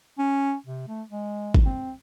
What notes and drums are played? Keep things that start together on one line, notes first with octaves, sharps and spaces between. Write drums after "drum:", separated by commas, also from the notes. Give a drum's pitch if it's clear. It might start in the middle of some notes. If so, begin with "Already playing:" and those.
C#4
C3
A3
G#3
drum: kick
C4